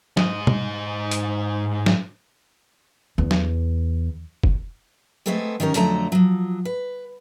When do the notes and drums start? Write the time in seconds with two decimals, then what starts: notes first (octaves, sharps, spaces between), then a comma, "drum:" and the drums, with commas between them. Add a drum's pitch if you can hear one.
0.17 G#2 D#5, drum: snare
0.47 drum: tom B2
1.11 drum: hi-hat
1.86 drum: snare
3.18 E2
3.31 drum: snare
4.44 drum: kick G1
5.26 G#3 A3 B3 C4 A4 G#5
5.60 D#3 C#4 G4 A#4
5.74 F2 D3 F#3 A3 A#5, drum: hi-hat
6.12 F3 F#3
6.65 B4